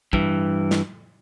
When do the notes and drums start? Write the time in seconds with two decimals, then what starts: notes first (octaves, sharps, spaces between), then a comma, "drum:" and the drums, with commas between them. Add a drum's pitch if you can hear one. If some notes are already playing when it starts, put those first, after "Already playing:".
0.13 G2 E3, drum: kick
0.71 drum: snare